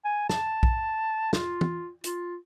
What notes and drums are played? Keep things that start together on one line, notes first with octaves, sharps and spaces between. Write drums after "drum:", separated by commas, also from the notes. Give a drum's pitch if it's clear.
G#5
A5, drum: snare
drum: kick A#1
F4, drum: snare
drum: tom
F4, drum: hi-hat